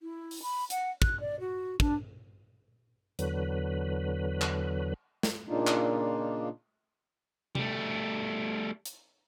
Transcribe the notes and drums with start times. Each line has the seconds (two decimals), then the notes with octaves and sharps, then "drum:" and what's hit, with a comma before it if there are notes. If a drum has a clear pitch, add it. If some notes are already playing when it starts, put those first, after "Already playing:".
0.01 E4
0.31 drum: open hi-hat
0.42 B5
0.70 F#5, drum: hi-hat
1.02 F#6, drum: kick
1.20 D5
1.40 F#4
1.80 D4, drum: kick
3.19 E2 D3 F#3 B4, drum: hi-hat
4.41 drum: clap
5.23 drum: snare
5.49 A#2 C#3 A#3 D4 D#4 F4
5.67 drum: clap
7.55 G3 A3, drum: tom C3
8.85 drum: hi-hat